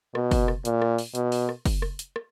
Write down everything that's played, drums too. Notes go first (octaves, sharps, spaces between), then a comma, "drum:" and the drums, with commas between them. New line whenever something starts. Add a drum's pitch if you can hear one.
B2, drum: rim click
drum: kick, open hi-hat
drum: rim click
A#2, drum: hi-hat
drum: rim click
drum: open hi-hat
B2, drum: hi-hat
drum: open hi-hat
drum: rim click
drum: kick, open hi-hat
drum: rim click
drum: hi-hat
drum: rim click